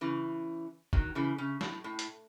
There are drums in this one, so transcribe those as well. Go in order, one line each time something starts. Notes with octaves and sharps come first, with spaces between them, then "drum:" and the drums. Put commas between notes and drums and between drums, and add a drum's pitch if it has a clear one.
C#3 E3
D#3 F#3, drum: kick F#1
C#3 E3
C#3
A2, drum: snare
A2
drum: hi-hat